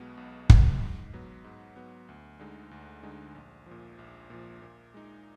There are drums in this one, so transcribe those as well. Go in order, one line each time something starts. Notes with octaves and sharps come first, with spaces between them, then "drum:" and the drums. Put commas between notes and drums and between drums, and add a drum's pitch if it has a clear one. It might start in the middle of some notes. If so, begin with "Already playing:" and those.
Already playing: B1 B2 G#3 B3
B1
B2 G#3 B3, drum: kick
G#2
F#3 B3
G#2
F#3 B3
D2
D3 G#3 D#4
D2
D3 G#3 D#4
A#1
A#2 F3
A#1
A#2 F3
A#2
G#3 D#4